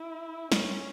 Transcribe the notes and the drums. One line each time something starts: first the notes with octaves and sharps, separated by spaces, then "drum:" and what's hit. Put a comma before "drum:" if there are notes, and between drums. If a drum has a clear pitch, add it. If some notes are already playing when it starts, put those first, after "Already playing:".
Already playing: E4
C#4, drum: snare